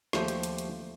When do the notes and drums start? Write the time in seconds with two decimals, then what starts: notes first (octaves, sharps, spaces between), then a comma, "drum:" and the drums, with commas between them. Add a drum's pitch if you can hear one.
0.13 D#2 F3 A3 G4 C5 G5, drum: snare
0.28 drum: hi-hat
0.43 drum: hi-hat
0.58 drum: hi-hat